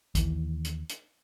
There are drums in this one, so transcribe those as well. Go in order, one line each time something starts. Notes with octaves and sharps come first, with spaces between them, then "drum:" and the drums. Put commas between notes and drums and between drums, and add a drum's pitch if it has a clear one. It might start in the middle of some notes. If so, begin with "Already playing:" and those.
D#2 E3, drum: kick A1, hi-hat
drum: hi-hat
drum: hi-hat